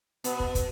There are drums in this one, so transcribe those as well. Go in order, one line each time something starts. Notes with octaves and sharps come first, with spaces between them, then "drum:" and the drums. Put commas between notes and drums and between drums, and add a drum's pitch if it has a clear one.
B2 B3, drum: hi-hat
drum: kick
drum: kick, hi-hat